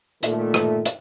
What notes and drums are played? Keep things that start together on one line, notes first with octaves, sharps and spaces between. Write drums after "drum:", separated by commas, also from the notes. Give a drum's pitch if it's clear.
A#2 D#3 A3, drum: hi-hat
drum: rim click
drum: hi-hat